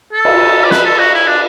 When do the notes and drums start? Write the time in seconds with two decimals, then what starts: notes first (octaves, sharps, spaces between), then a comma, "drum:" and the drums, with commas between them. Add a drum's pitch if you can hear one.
0.13 A4
0.25 drum: cymbal
0.64 D5
0.71 B4, drum: snare
0.85 A4
0.99 F#4
1.14 E4
1.28 D4